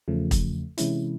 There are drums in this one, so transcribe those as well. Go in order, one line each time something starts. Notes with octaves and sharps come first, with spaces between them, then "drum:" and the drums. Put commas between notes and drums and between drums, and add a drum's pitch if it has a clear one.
E2 C#3 F3 A3
drum: kick, hi-hat
C3 E3 G#3 C#4 E4, drum: hi-hat